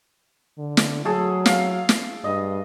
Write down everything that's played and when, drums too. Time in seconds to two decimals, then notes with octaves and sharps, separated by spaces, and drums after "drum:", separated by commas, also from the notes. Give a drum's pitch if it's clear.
0.58 D3
0.77 drum: snare
1.05 F#3 A3 G#4 A4
1.46 F5, drum: snare
1.89 drum: snare
2.24 G2 D#5